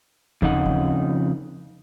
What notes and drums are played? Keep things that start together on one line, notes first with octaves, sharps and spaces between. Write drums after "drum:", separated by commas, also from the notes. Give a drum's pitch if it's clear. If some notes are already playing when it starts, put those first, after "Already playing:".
F2 C#3 D#4 F#5, drum: kick D#2
drum: kick D#2